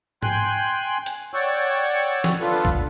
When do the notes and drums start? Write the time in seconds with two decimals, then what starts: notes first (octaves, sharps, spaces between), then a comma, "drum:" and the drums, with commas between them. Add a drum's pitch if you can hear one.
0.23 G5 G#5 C6 F#6, drum: tom G#2
1.06 drum: hi-hat
1.34 C#5 D5 F#5 G5 C#6 E6
2.24 drum: snare
2.41 B3 D4 F4 A4 B4
2.65 drum: kick B1